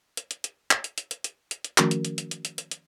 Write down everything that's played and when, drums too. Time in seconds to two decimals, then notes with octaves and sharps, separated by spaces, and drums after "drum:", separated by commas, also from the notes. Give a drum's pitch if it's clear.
0.17 drum: hi-hat
0.31 drum: hi-hat
0.44 drum: hi-hat
0.71 drum: clap
0.84 drum: hi-hat
0.98 drum: hi-hat
1.11 drum: hi-hat
1.24 drum: hi-hat
1.51 drum: hi-hat
1.64 drum: hi-hat
1.78 D#3 F3 A3 C#4 F#4 A#4, drum: clap
1.91 drum: hi-hat
2.05 drum: hi-hat
2.18 drum: hi-hat
2.31 drum: hi-hat
2.45 drum: hi-hat
2.58 drum: hi-hat
2.71 drum: hi-hat